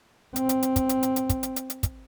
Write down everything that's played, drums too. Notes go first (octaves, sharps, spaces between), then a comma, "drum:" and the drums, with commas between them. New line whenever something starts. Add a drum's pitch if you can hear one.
C4, drum: hi-hat
drum: hi-hat
drum: hi-hat
drum: kick, hi-hat
drum: hi-hat
drum: hi-hat
drum: hi-hat
drum: kick, hi-hat
drum: hi-hat
drum: hi-hat
drum: hi-hat
drum: kick, hi-hat